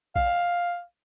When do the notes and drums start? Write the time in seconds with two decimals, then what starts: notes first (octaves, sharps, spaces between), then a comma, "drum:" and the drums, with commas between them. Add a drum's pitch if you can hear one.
0.16 F5, drum: kick A#1